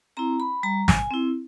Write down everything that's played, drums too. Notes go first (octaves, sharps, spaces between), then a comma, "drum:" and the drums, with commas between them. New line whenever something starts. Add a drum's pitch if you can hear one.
C4 E4 A#5
B5
G3 A#5
G#5, drum: snare
C4 E4